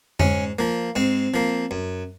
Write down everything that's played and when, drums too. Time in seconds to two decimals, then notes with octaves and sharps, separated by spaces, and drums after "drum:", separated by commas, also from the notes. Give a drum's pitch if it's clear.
0.20 G#2 C#4, drum: tom F2
0.59 F3 A#3
0.96 G#2 C4
1.34 F3 A#3
1.71 F#2